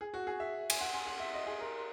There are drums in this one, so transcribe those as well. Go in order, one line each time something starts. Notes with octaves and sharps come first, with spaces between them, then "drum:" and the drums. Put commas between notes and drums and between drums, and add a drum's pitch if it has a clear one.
G#4
F#4
G#4
E5
G#5, drum: cymbal
F#5
G#5
F#5
E5
D#5
G#4
A#4